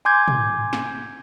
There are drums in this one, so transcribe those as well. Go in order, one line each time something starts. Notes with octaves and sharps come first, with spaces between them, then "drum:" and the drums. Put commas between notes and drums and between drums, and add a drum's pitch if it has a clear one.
G#5 C6 D6 G6 G#6
drum: tom
drum: snare